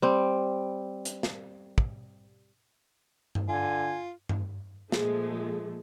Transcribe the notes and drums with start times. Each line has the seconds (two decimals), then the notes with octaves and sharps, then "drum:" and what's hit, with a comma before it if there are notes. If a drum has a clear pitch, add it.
0.02 G3 C4
1.05 drum: hi-hat
1.23 drum: snare
1.78 drum: kick
3.35 drum: tom G2
3.49 D3 F4 G#5
4.29 drum: tom G2
4.92 A#2 F3 G#3 A3, drum: snare